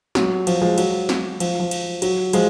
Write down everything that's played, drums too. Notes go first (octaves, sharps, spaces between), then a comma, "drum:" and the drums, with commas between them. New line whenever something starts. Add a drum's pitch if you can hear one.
F#3, drum: snare
F3, drum: cymbal
F3 G#3
F#3, drum: cymbal
drum: snare
F3, drum: cymbal
F3
drum: cymbal
F#3, drum: cymbal
F3 G#3, drum: cymbal